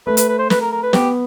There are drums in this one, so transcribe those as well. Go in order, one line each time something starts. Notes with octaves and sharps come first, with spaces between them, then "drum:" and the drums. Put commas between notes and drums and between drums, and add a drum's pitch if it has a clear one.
A3 B4
B4, drum: hi-hat
B4
C5
B4, drum: snare
A#4
A#4
B4
B3 G4, drum: snare